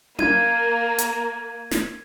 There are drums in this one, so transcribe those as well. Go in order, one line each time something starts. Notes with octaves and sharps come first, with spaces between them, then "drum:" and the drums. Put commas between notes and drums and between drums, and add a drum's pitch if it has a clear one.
A#3 G#6 D#7, drum: tom C#4
drum: hi-hat
drum: snare